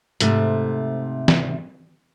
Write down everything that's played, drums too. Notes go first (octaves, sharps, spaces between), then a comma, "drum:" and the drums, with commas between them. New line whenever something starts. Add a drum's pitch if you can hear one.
G#2 C3 A3, drum: hi-hat
drum: snare